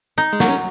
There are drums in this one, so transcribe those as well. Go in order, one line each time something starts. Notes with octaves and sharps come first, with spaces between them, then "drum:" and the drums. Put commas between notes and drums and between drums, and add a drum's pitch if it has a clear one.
D#4
G#3
F#3 A#3, drum: snare
C#4